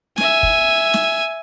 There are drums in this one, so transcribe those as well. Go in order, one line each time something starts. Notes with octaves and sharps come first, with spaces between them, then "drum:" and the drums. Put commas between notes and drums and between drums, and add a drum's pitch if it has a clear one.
E5 G#5, drum: snare
drum: kick
drum: snare